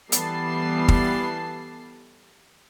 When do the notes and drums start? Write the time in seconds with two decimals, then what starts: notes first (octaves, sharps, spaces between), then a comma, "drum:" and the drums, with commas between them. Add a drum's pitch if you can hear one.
0.12 E3 G3 B3 A4 A5 C7, drum: hi-hat
0.88 drum: kick